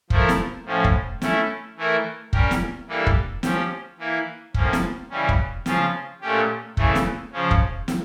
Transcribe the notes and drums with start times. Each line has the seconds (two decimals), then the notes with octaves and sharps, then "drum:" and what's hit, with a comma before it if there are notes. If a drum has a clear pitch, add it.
0.10 F3 A3 E4 A#4, drum: kick
0.29 drum: snare
0.66 A2 F3 C#4
0.84 drum: kick
1.22 A3 C#4 E4, drum: snare
1.77 E3 A3 E4 A#4
2.33 G3 C#4 G4 A#4, drum: kick
2.51 drum: snare
2.88 E3 G3 A#3 D4 A4
3.06 drum: kick
3.43 F3 C#4 G4, drum: snare
3.99 E3 A#3 E4
4.54 A2 F3 A#3 C#4, drum: kick
4.73 drum: snare
5.10 C#3 E3 G3 C#4
5.29 drum: kick
5.66 C#3 F3 C#4 F4, drum: snare
6.21 A#2 A3 C#4 G4
6.77 C#3 E3 A3, drum: kick
6.95 drum: snare
7.32 C#3 F3 C#4
7.51 drum: kick
7.88 drum: snare